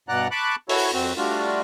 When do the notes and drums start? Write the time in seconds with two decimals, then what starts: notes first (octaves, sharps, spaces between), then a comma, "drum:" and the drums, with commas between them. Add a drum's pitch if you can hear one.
0.09 G2 B2 D5 F#5 A#5 F#6
0.31 A5 B5 C#6 D6 F#6
0.69 E4 F#4 A4 C#5, drum: open hi-hat
0.94 F2 C4 F#4
1.17 G3 A3 D4 F4 F#4